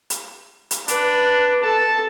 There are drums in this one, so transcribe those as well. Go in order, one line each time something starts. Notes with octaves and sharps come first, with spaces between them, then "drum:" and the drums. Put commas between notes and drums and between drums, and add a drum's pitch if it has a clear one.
drum: hi-hat
drum: hi-hat
D4 B4, drum: hi-hat
A4 A5